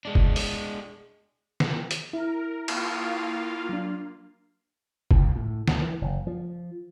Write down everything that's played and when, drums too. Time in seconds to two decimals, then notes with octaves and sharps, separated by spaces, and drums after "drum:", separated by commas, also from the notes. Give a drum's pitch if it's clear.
0.05 G#3 D4
0.15 drum: kick
0.36 drum: open hi-hat
1.60 drum: snare
1.91 drum: hi-hat
2.13 E4 A#4
2.68 A#3 F4 F5, drum: cymbal
3.69 F#3 D4
5.11 C#2, drum: kick
5.35 A2
5.68 D2, drum: snare
5.82 E3
6.02 F#1
6.27 F3